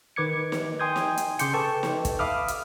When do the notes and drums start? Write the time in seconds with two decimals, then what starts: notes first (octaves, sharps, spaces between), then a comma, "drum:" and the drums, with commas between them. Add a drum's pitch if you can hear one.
0.16 D#3 B4 D6 G#6 C#7
0.52 drum: snare
0.79 G5 G#5 C6 D#6 G6 G#6
0.96 drum: snare
1.17 drum: hi-hat
1.39 C#3 C6 D6 G6 C#7, drum: hi-hat
1.54 A4 B4 G5 A5 C#6
1.83 drum: snare
2.05 drum: kick, hi-hat
2.19 E5 F5 B5 D6 D#6 F6
2.48 drum: hi-hat